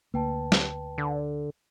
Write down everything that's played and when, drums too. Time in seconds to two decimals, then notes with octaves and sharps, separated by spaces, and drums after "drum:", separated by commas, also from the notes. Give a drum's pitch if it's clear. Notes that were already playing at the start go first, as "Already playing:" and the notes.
0.14 D2 A#3 B4 G5 A5
0.52 drum: snare
0.98 D3